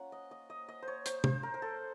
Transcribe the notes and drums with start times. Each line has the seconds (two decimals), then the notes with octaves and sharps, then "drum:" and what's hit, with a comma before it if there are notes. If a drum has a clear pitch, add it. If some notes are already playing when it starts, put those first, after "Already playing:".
Already playing: A#3 C#4 F4 F#5
0.12 D#5
0.31 D#5
0.50 D#5
0.68 D#5
0.82 C5
0.88 C#5
1.06 C5, drum: hi-hat
1.24 C5, drum: tom
1.43 A#4
1.54 A#4
1.62 A4